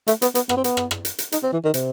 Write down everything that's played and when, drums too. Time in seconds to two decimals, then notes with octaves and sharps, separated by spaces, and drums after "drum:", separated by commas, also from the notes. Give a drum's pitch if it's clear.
0.08 A3, drum: hi-hat
0.22 B3, drum: hi-hat
0.35 B3, drum: hi-hat
0.49 B3, drum: rim click
0.57 C4
0.64 B3, drum: hi-hat
0.77 drum: rim click
0.91 drum: rim click
1.05 drum: hi-hat
1.18 drum: hi-hat
1.32 D#4, drum: hi-hat
1.43 C4
1.53 E3
1.64 D#3
1.74 C3, drum: hi-hat